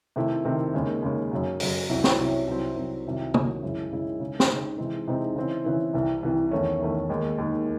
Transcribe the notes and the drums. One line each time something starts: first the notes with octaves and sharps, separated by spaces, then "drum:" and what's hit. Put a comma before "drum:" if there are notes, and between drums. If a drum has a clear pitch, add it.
C3 D#3 A3 C4 E4
C3 D#3 A3 C4 E4
D#2 C#3 G#3
D#2 C#3 G#3
F#2 C#3 F#3
F#2 C#3 F#3, drum: open hi-hat
C2 C3 F#3 C#4 E4
drum: snare
C2 C3 F#3 C#4 E4
C2 C3 F#3 C4
C2 C3 F#3 C4
C2 C3 D#3 F#3
C2 C3 D#3 F#3, drum: tom
F#2 C#3 G#3 C#4 E4
F#2 C#3 G#3 C#4 E4
C#3 G#3 D#4
drum: snare
C#3 G#3 D#4
C3 E3 G#3 C4 D#4
C3 E3 G#3 C4 D#4
C#3 E3 C4 E4
C#3 E3 C4 E4
C2 C3 E3
C2 C3 E3
E2 D#3 A3 C#4
E2 D#3 A3 C#4
D#2 D#3 G#3
D#2 D#3 G#3